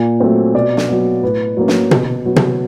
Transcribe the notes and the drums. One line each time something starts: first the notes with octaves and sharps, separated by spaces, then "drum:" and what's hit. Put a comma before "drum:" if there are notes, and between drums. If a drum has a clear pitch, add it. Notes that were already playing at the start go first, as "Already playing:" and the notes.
Already playing: A#2
F#3 A3 C4
B2 D5
drum: snare
F#3 B3
A2 B4
F#3 A#3 C#4
drum: snare
B2, drum: tom
F#3 B3
drum: tom